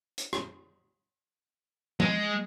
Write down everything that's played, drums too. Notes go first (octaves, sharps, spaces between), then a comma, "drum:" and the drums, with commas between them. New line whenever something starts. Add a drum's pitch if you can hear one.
drum: hi-hat
drum: rim click
G#3, drum: tom